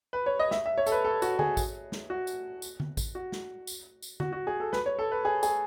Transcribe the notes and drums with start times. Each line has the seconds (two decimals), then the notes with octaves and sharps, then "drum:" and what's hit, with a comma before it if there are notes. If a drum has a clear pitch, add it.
0.13 B4
0.26 C#5
0.39 D#5
0.51 E5, drum: snare
0.66 E5
0.78 C#5
0.87 A4, drum: tambourine
0.92 B4
1.05 A4
1.22 F#4, drum: tambourine
1.39 G#4, drum: tom D3
1.57 drum: kick A1, tambourine
1.92 drum: snare
2.10 F#4
2.27 drum: tambourine
2.62 drum: tambourine
2.80 drum: tom D3
2.97 drum: kick A1, tambourine
3.15 F#4
3.32 drum: snare
3.67 drum: tambourine
4.02 drum: tambourine
4.20 F#4, drum: tom D3
4.33 F#4
4.47 G#4
4.60 A4
4.73 B4, drum: snare
4.86 C#5
4.99 A4
5.12 B4
5.25 G#4
5.43 G#4, drum: tambourine